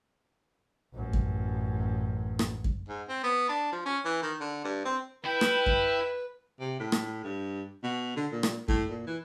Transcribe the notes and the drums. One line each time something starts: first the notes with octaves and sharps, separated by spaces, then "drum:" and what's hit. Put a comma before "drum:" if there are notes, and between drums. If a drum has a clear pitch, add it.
A1 F#2
drum: kick F#2
drum: rim click
drum: kick F#2
G#2
C4
B3
D4
F3
C#4
E3
D#3
D3
G2
C4
E4 B4 G5
drum: rim click
drum: kick F#2
C3
A2
drum: rim click
G2
B2
D3
A#2
drum: rim click
A2, drum: kick F#2
A#2
E3